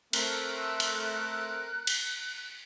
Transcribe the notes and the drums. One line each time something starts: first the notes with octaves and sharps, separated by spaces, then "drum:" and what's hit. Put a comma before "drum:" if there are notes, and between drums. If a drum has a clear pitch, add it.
A3 C4 A#4 F#6, drum: cymbal
drum: cymbal
drum: cymbal